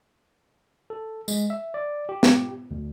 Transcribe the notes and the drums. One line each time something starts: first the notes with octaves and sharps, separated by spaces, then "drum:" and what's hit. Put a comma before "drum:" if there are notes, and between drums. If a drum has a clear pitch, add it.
A4
G#3, drum: tambourine
E5
D5
G4
drum: snare
D2